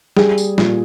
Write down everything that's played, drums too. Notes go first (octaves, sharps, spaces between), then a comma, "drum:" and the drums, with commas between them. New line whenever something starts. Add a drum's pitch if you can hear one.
G3 G#4, drum: snare
drum: tambourine
A#2, drum: snare